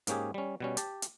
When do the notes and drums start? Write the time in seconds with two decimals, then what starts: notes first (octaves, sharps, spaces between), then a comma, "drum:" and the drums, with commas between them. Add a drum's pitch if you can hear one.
0.07 G#2 A#3 C#4 G4 G#4, drum: hi-hat
0.34 G3 C#4
0.60 B2 G3 C#4
0.77 G4 A5, drum: hi-hat
1.02 drum: hi-hat